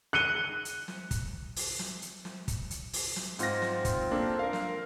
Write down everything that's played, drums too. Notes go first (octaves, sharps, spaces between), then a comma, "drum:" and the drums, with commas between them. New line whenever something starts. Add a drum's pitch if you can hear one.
F#6 C#7 D#7 G7
drum: hi-hat
drum: snare
drum: kick, hi-hat
drum: open hi-hat
drum: snare
drum: hi-hat
drum: snare
drum: kick, hi-hat
drum: hi-hat
drum: open hi-hat
drum: snare
G#2 C4 F4 A#6, drum: hi-hat
drum: snare
drum: kick, hi-hat
A#3 D4 A4
A#4 F5
drum: snare